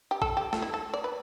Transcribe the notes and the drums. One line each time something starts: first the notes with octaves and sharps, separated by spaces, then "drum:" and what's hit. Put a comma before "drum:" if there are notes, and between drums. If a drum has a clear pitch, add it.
G4
A4, drum: kick
G4
A4, drum: snare
E4
A4
D5
B4